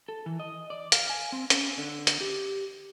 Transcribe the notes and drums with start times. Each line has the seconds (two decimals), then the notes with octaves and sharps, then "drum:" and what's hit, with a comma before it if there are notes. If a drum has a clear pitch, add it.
0.09 A4
0.26 E3
0.39 D#5
0.70 D5
0.92 F5, drum: hi-hat
1.10 G#5
1.32 C4
1.50 C#4, drum: hi-hat
1.78 D3
2.07 drum: hi-hat
2.21 G4